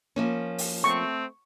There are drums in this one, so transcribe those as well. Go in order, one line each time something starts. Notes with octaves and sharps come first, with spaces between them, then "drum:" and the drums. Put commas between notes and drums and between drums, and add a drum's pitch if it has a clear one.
F3 A#3 C#4
drum: open hi-hat
A3 C4 C#6